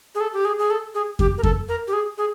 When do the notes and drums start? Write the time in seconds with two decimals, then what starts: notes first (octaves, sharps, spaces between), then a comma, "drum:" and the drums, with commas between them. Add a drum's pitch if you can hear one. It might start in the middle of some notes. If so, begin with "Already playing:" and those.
0.15 G#4
0.21 A4
0.33 G4
0.45 G#4
0.59 G#4
0.70 A4
0.94 G#4
1.19 G4, drum: kick F2
1.38 A#4
1.43 A4, drum: kick F2
1.69 A#4
1.88 G4
1.93 G#4
2.18 G#4